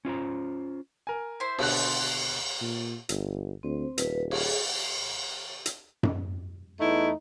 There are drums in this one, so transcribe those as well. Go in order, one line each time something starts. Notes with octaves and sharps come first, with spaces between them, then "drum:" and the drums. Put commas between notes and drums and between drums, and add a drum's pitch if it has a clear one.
C#4 F4 C5 A#5
A#4 G#5
E4 C5 C6
B2 D3 F#6, drum: cymbal
A#2
G1, drum: hi-hat
D2 C4 C5
D#1 B4, drum: hi-hat
G#4, drum: cymbal
drum: hi-hat
drum: tom F#2
E2 A3 D#4 E4